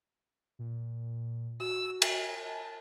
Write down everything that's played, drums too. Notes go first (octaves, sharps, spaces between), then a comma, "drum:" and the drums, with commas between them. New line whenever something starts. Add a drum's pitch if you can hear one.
A#2
F#4 E6
G#5, drum: cymbal
G#5 A5